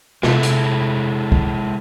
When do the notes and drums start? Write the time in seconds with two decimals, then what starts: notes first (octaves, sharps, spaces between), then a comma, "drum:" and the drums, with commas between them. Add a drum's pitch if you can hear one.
0.23 C3 G#3 E4 A4, drum: snare
0.43 drum: hi-hat
1.32 drum: kick